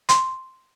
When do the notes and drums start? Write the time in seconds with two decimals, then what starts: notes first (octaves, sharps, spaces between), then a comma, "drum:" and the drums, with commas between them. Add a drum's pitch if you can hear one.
0.09 C6, drum: hi-hat